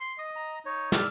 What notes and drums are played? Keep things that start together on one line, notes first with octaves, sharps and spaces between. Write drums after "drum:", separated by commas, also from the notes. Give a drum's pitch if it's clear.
C6
D#5 D#6
A#5
D#4 C#5
D5 E6 F6, drum: snare